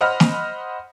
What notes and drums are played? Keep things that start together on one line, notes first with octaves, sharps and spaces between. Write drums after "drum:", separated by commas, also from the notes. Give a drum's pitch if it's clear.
C5 D#5 F#5 B5 F6
drum: snare